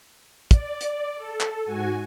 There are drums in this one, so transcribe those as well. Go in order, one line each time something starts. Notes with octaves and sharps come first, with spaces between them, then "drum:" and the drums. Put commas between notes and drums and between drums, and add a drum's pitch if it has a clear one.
D5, drum: kick, hi-hat
drum: hi-hat
A4
drum: clap
G#2 F#4 G#5